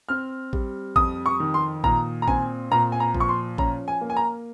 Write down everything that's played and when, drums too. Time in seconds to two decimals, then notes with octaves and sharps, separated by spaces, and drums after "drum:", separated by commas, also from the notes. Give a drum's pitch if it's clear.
0.09 C4 F6
0.53 G3, drum: kick A1
0.96 F2 D#6, drum: kick A1
1.26 C#6
1.40 D#3
1.54 C6
1.84 A#2 A#5, drum: kick A1
2.22 A#5
2.28 C4 G#5, drum: kick A1
2.71 A#2 A#5
2.92 G#5
3.00 A#5
3.15 F3, drum: kick A1
3.20 C#6
3.29 C6
3.58 C#4 A#5, drum: kick A1
3.88 G#5
4.01 A#3
4.10 G#5
4.17 A#5